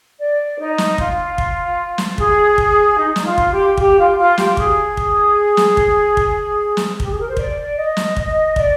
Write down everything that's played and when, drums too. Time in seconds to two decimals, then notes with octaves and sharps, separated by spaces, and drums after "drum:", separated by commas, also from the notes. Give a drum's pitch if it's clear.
0.19 D5
0.58 D#4
0.78 drum: snare
0.98 F4, drum: kick
1.38 drum: kick
1.98 drum: snare
2.18 G#4, drum: kick
2.58 drum: kick
2.98 D#4
3.16 D#4, drum: snare
3.24 F4
3.38 drum: kick
3.51 G4
3.77 G4, drum: kick
3.98 F4
4.17 F4
4.38 G4, drum: snare
4.57 G#4, drum: kick
4.97 drum: kick
5.57 drum: snare
5.77 drum: kick
6.17 drum: kick
6.77 drum: snare
7.00 G4, drum: kick
7.09 G#4
7.18 A#4
7.27 C5
7.37 D5, drum: kick
7.77 D#5
7.97 drum: snare
8.16 D#5, drum: kick
8.56 D5, drum: kick